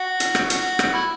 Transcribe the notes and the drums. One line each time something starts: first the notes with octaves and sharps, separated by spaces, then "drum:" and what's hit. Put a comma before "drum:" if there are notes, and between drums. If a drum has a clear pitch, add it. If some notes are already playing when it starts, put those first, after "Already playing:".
Already playing: F#4
drum: hi-hat
drum: rim click
F#4, drum: hi-hat
drum: rim click
E4